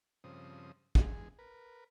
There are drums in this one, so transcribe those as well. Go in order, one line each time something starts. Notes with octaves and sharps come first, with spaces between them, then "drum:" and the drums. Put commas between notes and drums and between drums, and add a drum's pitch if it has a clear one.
G2 C#3 F3 C4 D#6
E2 G#3 G#4, drum: kick
A#4 B4